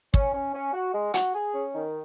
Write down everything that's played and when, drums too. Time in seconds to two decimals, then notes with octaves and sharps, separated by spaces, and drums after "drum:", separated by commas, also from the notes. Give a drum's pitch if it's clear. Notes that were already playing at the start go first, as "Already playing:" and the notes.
0.14 C#4, drum: kick
0.34 C#4
0.54 C#4
0.73 F#4
0.94 G#3
1.14 F#4, drum: hi-hat
1.34 G#4
1.54 C#4
1.74 D#3